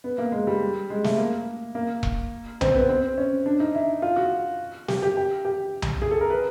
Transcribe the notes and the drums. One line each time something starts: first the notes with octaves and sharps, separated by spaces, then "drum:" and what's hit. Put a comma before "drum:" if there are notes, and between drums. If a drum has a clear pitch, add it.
B3
A#3
G#3
G3
G#3
A3, drum: snare
A#3
A#3
drum: kick E1
C4, drum: tom C2
B3
C4
C#4
D4
D#4
E4
F4
F#4
G4, drum: snare
G4
G4
G4
drum: tom C2
G#4
A4
A#4
B4